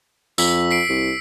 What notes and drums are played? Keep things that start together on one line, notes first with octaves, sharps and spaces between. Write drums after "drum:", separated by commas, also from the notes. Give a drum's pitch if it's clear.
F2 E6 B6, drum: tambourine
B6 C7 D7
C2